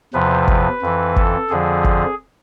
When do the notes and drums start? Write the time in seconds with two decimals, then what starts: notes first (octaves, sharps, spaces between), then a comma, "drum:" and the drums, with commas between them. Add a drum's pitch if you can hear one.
0.14 E2 C3 F3 B4
0.48 drum: kick G1
0.82 F2 E3
1.16 A4, drum: kick G1
1.50 F2 D3 F3 G#4
1.84 drum: kick G1